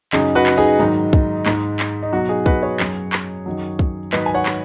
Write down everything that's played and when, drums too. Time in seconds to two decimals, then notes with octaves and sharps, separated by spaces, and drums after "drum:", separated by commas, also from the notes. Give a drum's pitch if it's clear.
0.13 F#2 C#3 F#3 D#4 G#4, drum: clap
0.35 F#4 B4
0.46 drum: clap
0.57 D#4 G#4
0.79 G#2 D#3 F#3 D#4
1.13 drum: kick
1.46 G#2 G#3, drum: clap
1.80 drum: clap
2.03 D#4
2.13 B2 F#3 F#4
2.29 D#4 G#4
2.46 F#4 B4, drum: kick
2.63 G#4 C#5
2.80 F#2 F#3, drum: clap
3.13 drum: clap
3.46 F#2 D#3 F#3
3.79 drum: kick
4.13 G#2 D#3 F#3 B4 D#5, drum: clap
4.26 G#5
4.34 C#5 F#5
4.46 drum: clap